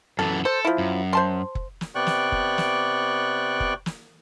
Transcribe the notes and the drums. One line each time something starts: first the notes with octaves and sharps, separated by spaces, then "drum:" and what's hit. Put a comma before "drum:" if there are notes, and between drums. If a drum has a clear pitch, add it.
F#2 E3 A4
A4 C5
F3 E4
F#2
C5 A5 C6
drum: kick
drum: snare
C3 B3 D5 G5 C#6 F#6
drum: snare
drum: kick
drum: snare
drum: kick
drum: snare